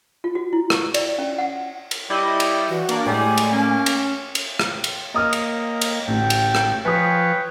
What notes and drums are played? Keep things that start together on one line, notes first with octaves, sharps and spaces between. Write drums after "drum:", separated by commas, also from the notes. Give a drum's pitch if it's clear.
F4
F#4
E4
C#6, drum: rim click
D5, drum: cymbal
C#4
F#5
drum: cymbal
G3 E4 D#5
drum: cymbal
E3 F#4
A#3 D4 D5, drum: cymbal
A2 G3 G#3 G#5
drum: cymbal
A#3 C#4
drum: cymbal
drum: cymbal
drum: rim click
drum: cymbal
A#3 D#5 D#6 F6
drum: cymbal
drum: cymbal
A1 D2 A2 G5
drum: cymbal
drum: rim click
F3 B4 C#5 G5 G#5 D#6